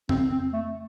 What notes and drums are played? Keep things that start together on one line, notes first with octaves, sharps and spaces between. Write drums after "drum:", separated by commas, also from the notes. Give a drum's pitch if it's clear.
C4, drum: tom F2
C4
A3